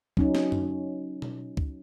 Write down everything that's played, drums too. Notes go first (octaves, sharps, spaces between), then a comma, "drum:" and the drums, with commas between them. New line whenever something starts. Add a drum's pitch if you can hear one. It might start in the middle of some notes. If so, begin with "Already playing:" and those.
F#3 C#4 D#4, drum: kick C#2
drum: snare
drum: tom F#2
drum: tom B2
drum: kick C#2